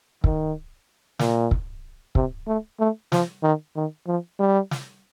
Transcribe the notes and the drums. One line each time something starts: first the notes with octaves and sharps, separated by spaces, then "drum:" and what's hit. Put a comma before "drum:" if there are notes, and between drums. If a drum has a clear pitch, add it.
D#3, drum: kick
A#2, drum: snare
drum: kick
C3, drum: kick
A3
A3
F3, drum: snare
D#3
D#3
F3
G3
drum: snare